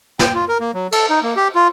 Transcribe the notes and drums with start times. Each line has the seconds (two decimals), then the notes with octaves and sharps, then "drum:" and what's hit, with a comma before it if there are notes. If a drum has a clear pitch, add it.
0.19 G5, drum: snare
0.35 F4
0.48 A#4
0.60 A#3
0.74 F#3
0.92 A4, drum: cymbal
1.10 D#4
1.22 A#3
1.37 G4
1.55 F4